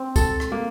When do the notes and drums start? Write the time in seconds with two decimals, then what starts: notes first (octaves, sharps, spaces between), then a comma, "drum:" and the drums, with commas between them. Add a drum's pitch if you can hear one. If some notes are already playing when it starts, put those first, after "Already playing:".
Already playing: C4
0.16 A4, drum: kick, tambourine
0.40 drum: rim click
0.52 A#3